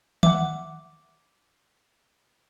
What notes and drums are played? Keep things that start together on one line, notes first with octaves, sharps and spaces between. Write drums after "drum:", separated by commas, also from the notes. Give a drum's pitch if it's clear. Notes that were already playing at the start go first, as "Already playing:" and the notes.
E5 F#5 D6, drum: tom D#3